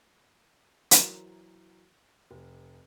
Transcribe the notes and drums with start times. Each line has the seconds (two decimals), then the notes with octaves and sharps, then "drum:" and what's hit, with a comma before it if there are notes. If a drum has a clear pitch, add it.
0.91 E3 F#3 A#4 C5, drum: hi-hat
2.31 F1